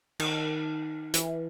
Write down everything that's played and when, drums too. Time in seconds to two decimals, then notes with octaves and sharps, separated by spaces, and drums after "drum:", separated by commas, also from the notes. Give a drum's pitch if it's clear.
0.20 D#3, drum: cymbal
1.14 E3, drum: hi-hat